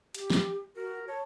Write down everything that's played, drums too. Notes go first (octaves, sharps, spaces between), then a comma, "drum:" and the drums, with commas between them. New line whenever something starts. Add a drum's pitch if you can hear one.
G4, drum: hi-hat
drum: snare
F#4 A#4
C#5 A5